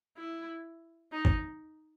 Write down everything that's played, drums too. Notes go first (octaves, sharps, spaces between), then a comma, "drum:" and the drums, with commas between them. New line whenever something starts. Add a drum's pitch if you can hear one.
E4
D#4
drum: kick